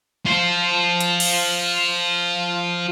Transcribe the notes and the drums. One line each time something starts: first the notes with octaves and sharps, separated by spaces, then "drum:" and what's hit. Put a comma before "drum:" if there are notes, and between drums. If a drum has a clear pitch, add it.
F4 C5
drum: hi-hat
drum: cymbal